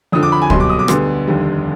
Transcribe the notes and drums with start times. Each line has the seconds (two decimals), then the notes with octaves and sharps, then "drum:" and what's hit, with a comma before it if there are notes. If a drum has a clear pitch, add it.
0.12 F2 D3 F3 D#6
0.23 D6
0.32 B5
0.42 G#5
0.50 B1 B2 G3 C6, drum: kick
0.60 D6
0.70 D#6
0.79 D6
0.88 D2 D3 G3 B3 C6, drum: rim click
1.27 F1 D#2 D3 G3